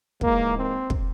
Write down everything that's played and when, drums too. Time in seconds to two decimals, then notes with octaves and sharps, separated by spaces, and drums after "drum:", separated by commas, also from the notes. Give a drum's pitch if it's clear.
0.21 G#2 E3 G#3 A#3, drum: kick
0.56 C4
0.90 drum: kick